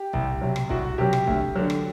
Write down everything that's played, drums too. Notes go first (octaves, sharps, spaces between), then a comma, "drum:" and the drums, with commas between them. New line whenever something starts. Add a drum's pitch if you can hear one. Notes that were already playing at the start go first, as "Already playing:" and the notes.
Already playing: G4
C2, drum: kick
C3 F#3
drum: rim click
C2 F#4, drum: kick
C3 F#3 G4
drum: rim click
D2, drum: kick
D3 F#3
drum: rim click